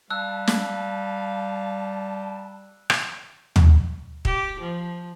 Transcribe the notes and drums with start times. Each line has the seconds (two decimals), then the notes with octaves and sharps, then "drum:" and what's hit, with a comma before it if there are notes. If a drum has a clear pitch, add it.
0.10 G3 F5 A5 E6 F#6
0.47 drum: snare
2.90 drum: rim click
3.56 drum: tom
4.25 G4, drum: kick
4.61 F3